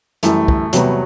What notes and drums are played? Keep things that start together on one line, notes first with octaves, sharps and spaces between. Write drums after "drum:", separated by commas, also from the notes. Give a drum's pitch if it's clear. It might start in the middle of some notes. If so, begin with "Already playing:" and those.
F#2 E3 G3 A3, drum: hi-hat
drum: kick
E2 C3 F#3 G3 B3, drum: hi-hat